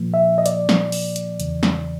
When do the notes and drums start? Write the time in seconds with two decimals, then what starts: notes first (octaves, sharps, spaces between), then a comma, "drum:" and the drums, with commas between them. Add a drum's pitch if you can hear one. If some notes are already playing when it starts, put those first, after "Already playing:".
Already playing: A#2 F3 A#3
0.14 E5
0.38 D#5
0.46 D5, drum: hi-hat
0.69 drum: snare
0.92 drum: open hi-hat
1.16 drum: hi-hat
1.40 E2 C#3 E3, drum: hi-hat
1.63 drum: snare